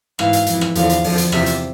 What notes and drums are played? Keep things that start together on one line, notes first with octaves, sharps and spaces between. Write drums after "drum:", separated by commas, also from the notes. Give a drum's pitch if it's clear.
G#2 E3 F5, drum: rim click
drum: hi-hat
F2 E3, drum: hi-hat
drum: rim click
E2 D3 F3 F5, drum: hi-hat
drum: hi-hat
F2 D3 F3, drum: open hi-hat
drum: hi-hat
E2 C3 F3 E5, drum: rim click
drum: hi-hat